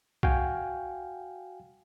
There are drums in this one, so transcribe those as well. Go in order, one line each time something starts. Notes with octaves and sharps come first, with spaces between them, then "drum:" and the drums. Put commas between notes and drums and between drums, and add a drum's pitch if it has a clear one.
F#4 F5 G5 G#5, drum: kick B1